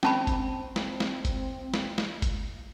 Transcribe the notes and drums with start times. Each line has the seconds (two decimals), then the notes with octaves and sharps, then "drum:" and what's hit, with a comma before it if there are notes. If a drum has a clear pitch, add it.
0.03 C4 C#4 A5 B5, drum: snare
0.27 drum: kick G1, hi-hat
0.76 drum: snare
1.00 drum: snare
1.25 drum: kick G1, hi-hat
1.74 drum: snare
1.98 drum: snare
2.22 drum: kick G1, hi-hat